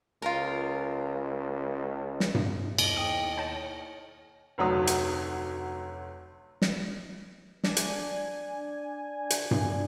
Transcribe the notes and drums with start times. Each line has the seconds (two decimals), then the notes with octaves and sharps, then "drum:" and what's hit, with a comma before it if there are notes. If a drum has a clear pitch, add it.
0.22 C#2 F4 A#4
2.20 drum: snare
2.35 drum: tom G2
2.78 D#2 B2 A#3 D#5, drum: cymbal
2.97 G5 D#6
3.38 C#5 G5 A5
4.58 F1 D2 F#3 D#6
4.87 drum: hi-hat
6.62 drum: snare
7.64 D4 G#5, drum: snare
7.77 drum: hi-hat
9.30 drum: hi-hat
9.51 drum: tom G2